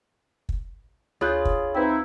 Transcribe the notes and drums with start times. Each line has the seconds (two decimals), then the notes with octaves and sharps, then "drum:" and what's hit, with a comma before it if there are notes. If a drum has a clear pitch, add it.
0.49 drum: kick
1.21 D2 F4 G#4 C#5 B5 F#6 G6
1.45 drum: kick
1.75 C4 D#4 E4 B4 G5